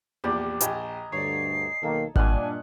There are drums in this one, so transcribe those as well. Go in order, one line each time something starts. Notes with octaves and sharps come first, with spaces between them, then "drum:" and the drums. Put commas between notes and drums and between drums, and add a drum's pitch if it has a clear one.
A#1 E2 A#2 G4 D5
A#1 G4 D#5 G#5 A#5, drum: hi-hat
D2 G2 D3 C#5 D5 C7
B1 D#3 A#3 A4
G2 A#2 D4 D#5 F#5 G#5 D#6 F6, drum: kick G#1